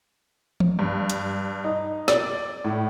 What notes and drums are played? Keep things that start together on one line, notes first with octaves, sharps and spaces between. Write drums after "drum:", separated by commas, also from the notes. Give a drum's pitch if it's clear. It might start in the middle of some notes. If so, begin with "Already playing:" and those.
drum: tom E3
G2
drum: hi-hat
D#4
D5, drum: snare
A2